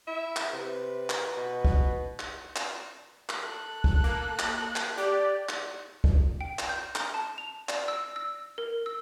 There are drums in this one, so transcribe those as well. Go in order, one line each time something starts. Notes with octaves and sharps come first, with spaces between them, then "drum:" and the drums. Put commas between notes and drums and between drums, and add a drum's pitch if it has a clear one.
E4 E5
drum: clap
C3 B4
drum: clap
B2
drum: kick
drum: clap
drum: clap
drum: clap
A4 F#6
drum: kick
A#3
drum: clap
drum: clap
G4 D5
drum: clap
drum: kick
G5
drum: clap
G6
drum: clap
A5
F7
D5, drum: clap
E6
E6
A#4
E6